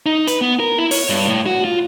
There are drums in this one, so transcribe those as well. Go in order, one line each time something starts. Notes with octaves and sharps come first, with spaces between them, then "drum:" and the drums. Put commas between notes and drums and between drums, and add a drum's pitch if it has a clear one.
D#4
B4, drum: hi-hat
B3
A#4
E4
C#5, drum: open hi-hat
G2
A2
F#4
F4